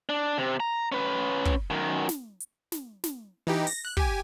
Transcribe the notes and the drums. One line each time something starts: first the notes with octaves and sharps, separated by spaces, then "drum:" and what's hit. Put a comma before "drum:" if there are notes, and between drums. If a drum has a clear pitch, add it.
D4
C3
A#5
C#4 B4
drum: kick
F#2 D#3
drum: snare
drum: hi-hat
drum: snare
drum: snare
E3 D#4 G4
A#6, drum: open hi-hat
F#6
G4 G#5, drum: kick